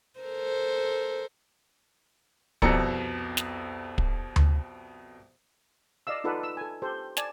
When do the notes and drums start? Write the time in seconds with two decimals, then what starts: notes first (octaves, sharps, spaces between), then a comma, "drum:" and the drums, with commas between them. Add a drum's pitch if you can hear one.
0.20 A4 A#4 C5
2.62 C2 F2 B2 A4 A#5 C#7, drum: kick
3.37 drum: snare
3.98 drum: kick
4.36 drum: tom D2
6.07 D5 D#5 F5 E6
6.24 D#4 F4 A4 B4 D5 F#5
6.43 E6
6.57 A4 G#5
6.82 G4 A4 C5
7.17 D5 G#5 A5, drum: snare